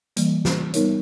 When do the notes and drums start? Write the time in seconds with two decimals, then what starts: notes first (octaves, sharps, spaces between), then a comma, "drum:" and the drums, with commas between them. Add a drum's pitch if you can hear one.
0.17 E3 G3 A#3, drum: hi-hat
0.45 drum: snare
0.73 G3 B3 D#4 A#4 C#5, drum: hi-hat